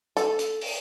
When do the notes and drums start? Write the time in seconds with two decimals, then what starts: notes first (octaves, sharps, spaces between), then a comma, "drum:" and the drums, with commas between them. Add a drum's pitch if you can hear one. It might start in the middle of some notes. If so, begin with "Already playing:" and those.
0.17 A4, drum: hi-hat
0.39 drum: hi-hat
0.61 drum: open hi-hat